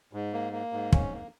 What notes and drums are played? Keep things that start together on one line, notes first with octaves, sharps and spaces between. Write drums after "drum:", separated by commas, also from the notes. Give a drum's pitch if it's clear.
G#2
A#3
A#3
G#2
C#4, drum: kick
A#3